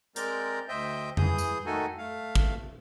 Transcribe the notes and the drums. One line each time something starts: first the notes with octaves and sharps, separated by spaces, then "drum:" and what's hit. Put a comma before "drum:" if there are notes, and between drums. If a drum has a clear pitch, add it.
G#3 C4 A#4 D5 A#5 G6, drum: hi-hat
D2 C5 D#5 E5 G5 G6
E3 G#4 D#6 G6, drum: tom F2
drum: tambourine
D#3 A3 D#4 F#4 A4 G#5
A3 F5
drum: kick